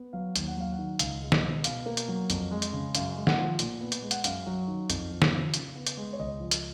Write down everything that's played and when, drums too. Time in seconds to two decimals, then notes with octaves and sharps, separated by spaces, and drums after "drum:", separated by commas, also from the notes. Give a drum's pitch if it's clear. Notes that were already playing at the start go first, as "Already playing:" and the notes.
Already playing: B3
0.13 F#3 F5
0.36 D#2, drum: hi-hat
0.48 F#5
0.57 F#3 F5
0.72 F#5
0.78 D#3
0.99 C#2 F5, drum: hi-hat
1.22 G#3
1.32 D#5, drum: snare
1.44 B2
1.64 B2 F5, drum: hi-hat
1.86 A#3
1.97 drum: hi-hat
2.08 F#3
2.30 F2, drum: hi-hat
2.51 G#3
2.62 drum: hi-hat
2.73 C#3
2.95 F#2 F5, drum: hi-hat
3.16 G#3
3.27 F#5, drum: snare
3.37 F3
3.59 A#2, drum: hi-hat
3.81 B3
3.92 drum: hi-hat
4.02 G#3
4.11 F#5, drum: hi-hat
4.24 F#2 F5, drum: hi-hat
4.47 F#3
4.67 D#3
4.90 F2, drum: hi-hat
5.10 F3
5.22 drum: snare
5.32 C#3
5.54 C#3, drum: hi-hat
5.75 B3
5.87 drum: hi-hat
5.97 G#3
6.13 C#5
6.19 C#2 D#5
6.40 F3
6.51 drum: hi-hat